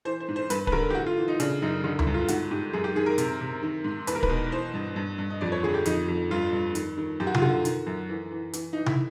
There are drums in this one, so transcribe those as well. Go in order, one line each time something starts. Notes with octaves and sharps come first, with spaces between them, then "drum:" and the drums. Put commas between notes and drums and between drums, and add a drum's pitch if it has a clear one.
E3 C5
C5
G#2
C5
G2 B4, drum: hi-hat
B4, drum: kick
D3 A#4
G4
A2 F#4
F4
E3
D#4
C#3 D4, drum: hi-hat
F#2 D#4
D3 D#4
E4, drum: tom C#2
G2
F4
G#2 F#4, drum: hi-hat
G#2 G4
F#2 G#4
G4
D#3 G#4
A#4
C3, drum: hi-hat
C3
D#3
G#2
E2 B4, drum: hi-hat
A#4
B4, drum: kick
B2
E3 C5
G2
G2
G2
D#5
F2 D5
C#5
D3 G#4
G4
F2 D#4, drum: hi-hat
F2
G2 F4
G2
D#3, drum: hi-hat
D#3
F#2 G4
F#4
F4, drum: tom C3
D3 F#4
D#3, drum: hi-hat
F#2
E3
E3
E3, drum: hi-hat
E3 D#4
E4, drum: tom C3